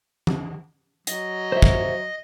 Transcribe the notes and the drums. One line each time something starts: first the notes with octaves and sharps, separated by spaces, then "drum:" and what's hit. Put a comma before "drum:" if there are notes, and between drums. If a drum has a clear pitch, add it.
drum: tom E3
F#3 D#5, drum: hi-hat
C5 E5
drum: kick